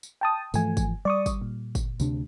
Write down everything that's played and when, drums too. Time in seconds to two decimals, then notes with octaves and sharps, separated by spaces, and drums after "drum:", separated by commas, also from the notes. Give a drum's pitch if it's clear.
0.03 drum: tambourine
0.21 G5 A5 D#6
0.54 G#2 E3 F3 A3 G#5, drum: tambourine
0.77 drum: kick, tambourine
1.05 G3 D5 C#6 D#6
1.26 drum: kick, tambourine
1.42 A#2
1.75 drum: kick, tambourine
2.00 D2 C3 D4, drum: tambourine